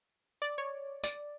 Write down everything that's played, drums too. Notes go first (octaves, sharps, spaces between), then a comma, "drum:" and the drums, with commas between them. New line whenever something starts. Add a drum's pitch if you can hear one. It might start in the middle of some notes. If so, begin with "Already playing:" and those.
D5
C#5
D5, drum: tambourine